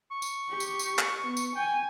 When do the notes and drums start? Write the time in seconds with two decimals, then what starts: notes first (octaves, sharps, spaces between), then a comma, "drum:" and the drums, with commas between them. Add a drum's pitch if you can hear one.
0.11 C#6
0.22 drum: tambourine
0.50 G4
0.60 drum: tambourine
0.79 drum: tambourine
0.98 drum: clap
1.22 B3
1.37 drum: tambourine
1.56 G5 G#5